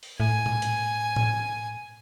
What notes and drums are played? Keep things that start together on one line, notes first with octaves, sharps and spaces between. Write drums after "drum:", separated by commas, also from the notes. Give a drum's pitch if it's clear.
drum: open hi-hat
A2 G#5
drum: tom A#2
drum: hi-hat
drum: tom A2